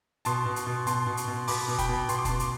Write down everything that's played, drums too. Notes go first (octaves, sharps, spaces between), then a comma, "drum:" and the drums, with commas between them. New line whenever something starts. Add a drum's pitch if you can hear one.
B2 A5 C6, drum: hi-hat
B2
drum: hi-hat
B2
B2 A5 C6, drum: hi-hat
B2
drum: hi-hat
B2
B2 B5 D6, drum: open hi-hat
B2
G5 B5, drum: kick F1, hi-hat
B2
B2 C6, drum: hi-hat
D6
B2 A5 C6, drum: kick F1, hi-hat
drum: hi-hat